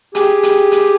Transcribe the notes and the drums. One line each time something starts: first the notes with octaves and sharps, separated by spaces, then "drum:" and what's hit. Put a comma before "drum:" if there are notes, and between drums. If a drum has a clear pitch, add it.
G4 G#4, drum: hi-hat
drum: hi-hat
drum: hi-hat